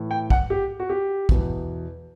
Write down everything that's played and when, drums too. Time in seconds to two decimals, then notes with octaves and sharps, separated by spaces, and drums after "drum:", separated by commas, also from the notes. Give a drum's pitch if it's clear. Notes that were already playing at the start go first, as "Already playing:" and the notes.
Already playing: A2 E3
0.11 G5
0.30 F#5, drum: kick
0.50 G4
0.80 F#4
0.89 G4
1.29 E2 B2, drum: kick